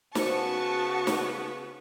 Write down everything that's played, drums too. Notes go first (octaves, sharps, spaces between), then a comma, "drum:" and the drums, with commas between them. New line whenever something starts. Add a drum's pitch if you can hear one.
C#3 B3 F#4 C5 A5 C#6, drum: snare
drum: snare